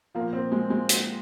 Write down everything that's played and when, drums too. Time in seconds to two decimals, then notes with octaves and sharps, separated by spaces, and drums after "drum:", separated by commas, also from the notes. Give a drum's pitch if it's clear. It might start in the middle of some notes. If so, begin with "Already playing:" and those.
0.15 F3 A#3
0.20 A#2
0.33 C4
0.52 G#3
0.70 G#3
0.89 drum: hi-hat